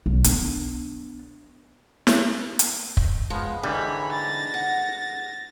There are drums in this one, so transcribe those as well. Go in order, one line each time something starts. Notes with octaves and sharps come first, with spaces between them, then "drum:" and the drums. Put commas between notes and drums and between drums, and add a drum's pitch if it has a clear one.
B1
B3 D4, drum: hi-hat
drum: snare
drum: hi-hat
drum: kick
F3 G#3 B3
G#2 D3 E3 G3 C#5 B5
A6 A#6
F#5